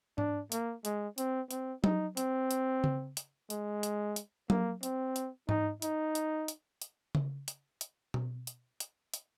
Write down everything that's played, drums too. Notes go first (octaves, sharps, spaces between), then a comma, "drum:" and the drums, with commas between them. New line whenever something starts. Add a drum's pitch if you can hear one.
D4, drum: tom G#2
A#3, drum: hi-hat
G#3, drum: hi-hat
C4, drum: hi-hat
C4, drum: hi-hat
D#4, drum: tom F#3
C4, drum: hi-hat
drum: hi-hat
drum: tom C#3
drum: hi-hat
G#3, drum: hi-hat
drum: hi-hat
drum: hi-hat
A#3, drum: tom F#3
C4, drum: hi-hat
drum: hi-hat
D#4, drum: tom G#2
D#4, drum: hi-hat
drum: hi-hat
drum: hi-hat
drum: hi-hat
drum: tom C#3
drum: hi-hat
drum: hi-hat
drum: tom B2
drum: hi-hat
drum: hi-hat
drum: hi-hat